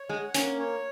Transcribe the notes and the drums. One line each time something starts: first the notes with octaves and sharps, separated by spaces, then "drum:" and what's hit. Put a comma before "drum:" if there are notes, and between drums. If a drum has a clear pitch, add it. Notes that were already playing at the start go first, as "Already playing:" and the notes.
Already playing: C#5
G#3 F#5
A#3 C#4, drum: hi-hat
C#5